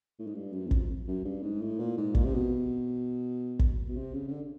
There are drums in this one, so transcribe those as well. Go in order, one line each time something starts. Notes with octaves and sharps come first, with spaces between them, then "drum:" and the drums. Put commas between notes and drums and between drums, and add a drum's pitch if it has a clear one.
A2
G#2
G2
F#2
E2
F2, drum: kick
F#2
G2
G#2
A2
A#2
G#2
A#2, drum: kick
C3
B2
drum: kick
B2
C3
C#3
C#3
D3